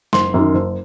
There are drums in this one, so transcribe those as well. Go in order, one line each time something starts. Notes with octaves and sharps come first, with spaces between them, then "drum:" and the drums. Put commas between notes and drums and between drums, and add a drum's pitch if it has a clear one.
F#1 C6, drum: snare
F#2 D#3
F#1